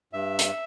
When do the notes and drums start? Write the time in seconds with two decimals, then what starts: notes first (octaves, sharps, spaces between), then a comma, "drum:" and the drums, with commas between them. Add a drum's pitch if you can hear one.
0.13 G2 E5
0.39 drum: hi-hat